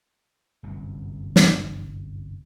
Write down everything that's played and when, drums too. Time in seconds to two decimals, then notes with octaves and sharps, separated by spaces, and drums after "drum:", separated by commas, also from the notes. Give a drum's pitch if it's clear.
0.63 G1 C2 F#2
1.36 drum: snare